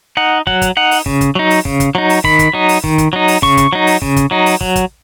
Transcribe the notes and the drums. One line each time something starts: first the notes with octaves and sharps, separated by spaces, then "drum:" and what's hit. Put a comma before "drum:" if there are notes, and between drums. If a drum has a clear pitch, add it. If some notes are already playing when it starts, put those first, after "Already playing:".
D#4 F#5
F#3 F#5, drum: kick
drum: kick, hi-hat
D#4 F#5
drum: open hi-hat
C#3, drum: kick
drum: kick, hi-hat
F#3 D#4
drum: open hi-hat
C#3, drum: kick
drum: kick, hi-hat
F#3 D#4
drum: open hi-hat
D#3 B5, drum: kick
drum: kick, hi-hat
F#3 D#4
drum: open hi-hat
D#3, drum: kick
drum: kick, hi-hat
F#3 D#4
drum: open hi-hat
C#3 C#6, drum: kick
drum: kick, hi-hat
F#3 D#4
drum: open hi-hat
C#3, drum: kick
drum: kick, hi-hat
F#3 D#4
drum: open hi-hat
F#3, drum: kick
drum: kick, hi-hat